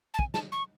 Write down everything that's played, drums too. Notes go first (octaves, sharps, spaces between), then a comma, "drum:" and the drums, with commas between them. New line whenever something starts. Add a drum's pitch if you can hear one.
A5
G#5, drum: kick
A5, drum: snare
C#6